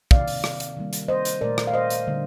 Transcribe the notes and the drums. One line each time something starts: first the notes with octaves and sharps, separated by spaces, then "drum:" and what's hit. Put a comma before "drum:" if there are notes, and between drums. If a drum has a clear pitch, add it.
C3 D#3 A#3 D5 F5, drum: kick
drum: open hi-hat
drum: rim click
drum: hi-hat
D#3 G3 A#3
drum: hi-hat
C5 D#5
drum: hi-hat
A#2 A3 A#4 D5
drum: rim click
F5
C5 D#5
drum: hi-hat
D3 G3 A#3